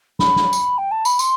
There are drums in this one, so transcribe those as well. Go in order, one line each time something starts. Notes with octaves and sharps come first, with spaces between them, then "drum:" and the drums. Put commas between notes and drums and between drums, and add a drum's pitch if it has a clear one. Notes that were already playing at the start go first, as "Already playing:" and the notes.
B5, drum: snare
drum: snare
drum: tambourine
G5
A5
B5, drum: tambourine
C6, drum: tambourine